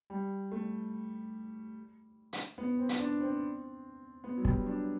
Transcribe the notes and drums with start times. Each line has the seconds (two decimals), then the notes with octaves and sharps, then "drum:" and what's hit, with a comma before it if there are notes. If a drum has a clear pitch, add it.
0.10 G3
0.52 A3
2.33 drum: hi-hat
2.58 B3
2.79 C4
2.89 drum: hi-hat
2.99 D4
3.21 C4
4.24 B3
4.38 F#3
4.45 G3, drum: kick
4.67 D4